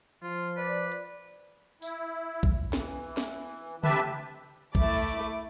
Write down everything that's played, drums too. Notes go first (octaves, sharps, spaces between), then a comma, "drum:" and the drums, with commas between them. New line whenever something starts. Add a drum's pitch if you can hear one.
F3 F4
B4 D5
drum: hi-hat
E4, drum: tambourine
drum: kick
E3, drum: snare
drum: snare
D2 C3 G4 B4 E5 A5, drum: tom C#3
A3 E4 D6, drum: kick